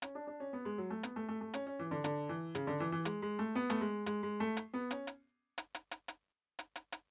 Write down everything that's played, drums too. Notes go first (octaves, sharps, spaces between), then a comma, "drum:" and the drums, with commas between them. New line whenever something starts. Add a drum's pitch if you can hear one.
C#4, drum: hi-hat
D4
D4
C#4
B3
G#3
F#3
A3
B3, drum: hi-hat
A3
A3
A3
C#4, drum: hi-hat
C#4
E3
D3
D3, drum: hi-hat
E3
C#3, drum: hi-hat
D3
E3
E3
G#3, drum: hi-hat
G#3
A3
B3
A3, drum: hi-hat
G#3
G#3, drum: hi-hat
G#3
A3
drum: hi-hat
B3
C#4, drum: hi-hat
drum: hi-hat
drum: hi-hat
drum: hi-hat
drum: hi-hat
drum: hi-hat
drum: hi-hat
drum: hi-hat
drum: hi-hat